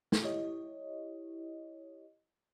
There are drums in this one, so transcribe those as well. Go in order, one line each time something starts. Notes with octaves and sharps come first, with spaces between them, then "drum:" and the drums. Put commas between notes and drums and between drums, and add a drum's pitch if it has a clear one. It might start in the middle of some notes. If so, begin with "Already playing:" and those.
drum: snare
E4 G4 C#5 D#5